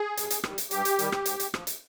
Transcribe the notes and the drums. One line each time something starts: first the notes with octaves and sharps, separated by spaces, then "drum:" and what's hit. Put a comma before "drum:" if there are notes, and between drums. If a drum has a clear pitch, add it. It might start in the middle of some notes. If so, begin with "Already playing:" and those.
Already playing: G#4
G2, drum: hi-hat
drum: hi-hat
D#3 G3, drum: rim click
drum: hi-hat
G2 G4, drum: hi-hat
drum: hi-hat
D#3 G3, drum: hi-hat
drum: rim click
G#2, drum: hi-hat
drum: hi-hat
F3, drum: rim click
drum: hi-hat